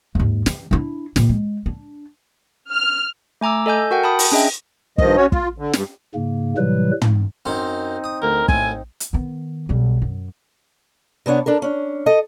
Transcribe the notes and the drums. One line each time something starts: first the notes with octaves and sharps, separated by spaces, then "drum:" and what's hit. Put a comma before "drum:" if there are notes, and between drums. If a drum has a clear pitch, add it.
D#2 G#2
E3, drum: snare
D4 E4
A#2 E3, drum: snare
G#3
D4
F6
A3 G#5 A#5 D6 E6
A4 D#5 G#5 G6
F#4 A#4 F#5 G5 G6
A5 B5 D#6
drum: open hi-hat
C#4 D4 G#4 D#5 E5 G5
G2 D#3 F3 D#5, drum: kick
C#4 F#4 C#5
F4, drum: kick
D3
G2, drum: snare
G#2 C#3 A#3
A2 C3 E3 F#3 G3 B4
drum: tom
F#2 C4 C#4 D#4 C#6
D#6
D2 A#4
C2 A2 G#5, drum: kick
drum: hi-hat
D#3 B3
B1 G3
F#2
C3 B3 D4 C#5 F#5
D4 A4 A#4
C#4 D4
A4 D#5